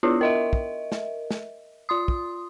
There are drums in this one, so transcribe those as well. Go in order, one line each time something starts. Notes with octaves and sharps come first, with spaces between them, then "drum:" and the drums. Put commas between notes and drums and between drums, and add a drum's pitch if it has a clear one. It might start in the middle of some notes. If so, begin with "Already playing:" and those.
B3 D4 E4 F4
A#4 D#5 E5
drum: kick
drum: snare
drum: snare
F4 C6 D#6
drum: kick